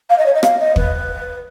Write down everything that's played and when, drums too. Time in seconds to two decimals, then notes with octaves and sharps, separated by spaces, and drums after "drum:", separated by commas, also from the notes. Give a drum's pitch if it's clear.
0.09 F5
0.18 D#5
0.25 C#5
0.34 D#5
0.43 F5, drum: rim click
0.59 D#5
0.76 B4, drum: kick